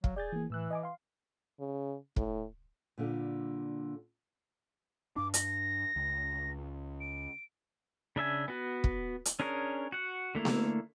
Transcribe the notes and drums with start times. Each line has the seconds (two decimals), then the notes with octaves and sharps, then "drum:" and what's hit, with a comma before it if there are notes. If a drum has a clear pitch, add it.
0.04 F#3 F5, drum: kick
0.16 G#4 D5 G6 A6
0.33 E3 A#3
0.50 A2 E3 E6 F#6
0.71 D#5 G#5 D6
0.83 F5 C6
1.60 C#3
2.16 A2, drum: kick
2.98 A#2 D3 G3 A4
5.16 G2 D4 D6
5.34 A#6, drum: hi-hat
5.96 C#2
7.00 D7
8.16 C#3 D4 E5 G#5
8.48 B3 F#4
8.84 drum: kick
9.25 drum: hi-hat
9.40 C#4 D4 G#4 A#4 C#5
9.92 F#4 F#5
10.35 D3 A3 A#3 E4
10.45 drum: snare B3